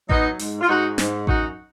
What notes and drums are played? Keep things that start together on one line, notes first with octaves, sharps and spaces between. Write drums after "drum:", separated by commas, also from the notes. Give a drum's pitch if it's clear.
F#3 B3 D#4, drum: kick A1
G#2, drum: open hi-hat
F4
G#2 D#4 F#4
G#2, drum: snare
F#2 D#4 F#4, drum: kick A1